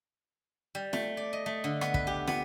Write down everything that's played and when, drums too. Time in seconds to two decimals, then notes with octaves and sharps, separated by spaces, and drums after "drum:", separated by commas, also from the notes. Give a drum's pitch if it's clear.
0.75 G3
0.93 A3, drum: snare
1.17 D5
1.33 D#5
1.46 A3
1.64 D3
1.81 B3, drum: rim click
1.94 B4, drum: kick
2.07 G4
2.27 B3, drum: snare